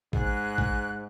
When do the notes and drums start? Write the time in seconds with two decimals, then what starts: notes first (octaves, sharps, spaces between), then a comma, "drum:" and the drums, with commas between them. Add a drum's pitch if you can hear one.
0.13 G#2 G#4 F#6, drum: kick A1
0.58 drum: kick A1